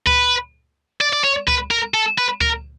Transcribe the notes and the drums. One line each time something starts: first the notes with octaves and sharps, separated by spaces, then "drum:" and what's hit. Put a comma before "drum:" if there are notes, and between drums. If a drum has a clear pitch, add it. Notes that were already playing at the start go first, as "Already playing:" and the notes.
B4, drum: kick C#2
D5
D5
C#5
B4, drum: kick C#2
A#4
A4
B4
A#4, drum: kick C#2